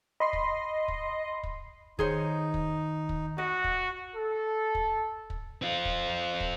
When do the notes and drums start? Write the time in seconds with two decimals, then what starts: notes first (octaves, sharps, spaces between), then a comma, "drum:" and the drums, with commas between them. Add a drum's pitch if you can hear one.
0.20 D#5 B5 C6 C7
0.33 drum: kick
0.88 drum: kick
1.43 drum: kick
1.99 D#3 D#4 G#4 C5 C#5, drum: kick
2.54 drum: kick
3.09 drum: kick
3.38 F#4 D#5
3.64 drum: kick
4.15 A4
4.75 drum: kick
5.30 drum: kick
5.62 C4 F4
5.85 drum: kick
6.40 drum: kick